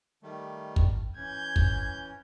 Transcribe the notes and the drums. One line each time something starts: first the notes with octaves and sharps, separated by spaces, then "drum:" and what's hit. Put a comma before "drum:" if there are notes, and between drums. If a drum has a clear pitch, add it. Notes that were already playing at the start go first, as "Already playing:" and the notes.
D#3 G3 A3
drum: kick
E3 C#4 G6 G#6
drum: kick